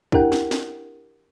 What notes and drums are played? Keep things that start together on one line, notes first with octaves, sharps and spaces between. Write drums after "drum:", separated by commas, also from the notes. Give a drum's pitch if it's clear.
D4 E4 G4 A#4 F#5 G5, drum: kick
drum: snare
drum: snare